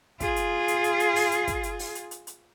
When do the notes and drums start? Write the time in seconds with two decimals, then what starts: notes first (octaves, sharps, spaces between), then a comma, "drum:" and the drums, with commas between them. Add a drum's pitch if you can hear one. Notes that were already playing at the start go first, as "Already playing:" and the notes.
0.20 F4 G#4, drum: kick, hi-hat
0.36 drum: hi-hat
0.68 drum: hi-hat
0.84 drum: hi-hat
1.00 drum: hi-hat
1.16 drum: open hi-hat
1.32 drum: hi-hat
1.47 drum: kick, hi-hat
1.63 drum: hi-hat
1.79 drum: open hi-hat
1.95 drum: hi-hat
2.11 drum: hi-hat
2.27 drum: hi-hat